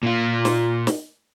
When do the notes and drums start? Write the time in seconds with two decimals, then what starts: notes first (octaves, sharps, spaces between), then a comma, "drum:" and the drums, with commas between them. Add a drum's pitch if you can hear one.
0.03 A#2 F4
0.45 drum: snare
0.87 drum: snare